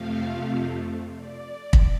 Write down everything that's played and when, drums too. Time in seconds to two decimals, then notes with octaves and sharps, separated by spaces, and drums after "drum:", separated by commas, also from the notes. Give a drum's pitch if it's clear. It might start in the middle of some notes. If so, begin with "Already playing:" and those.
Already playing: F2 C3 F3 A3 F5
1.17 D5
1.73 drum: kick